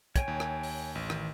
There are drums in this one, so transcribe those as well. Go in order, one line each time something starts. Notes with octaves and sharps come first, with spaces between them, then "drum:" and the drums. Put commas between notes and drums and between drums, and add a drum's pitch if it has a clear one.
C#5 G5 G#5, drum: kick, hi-hat
D#2
drum: rim click
drum: open hi-hat
A1
D#3, drum: rim click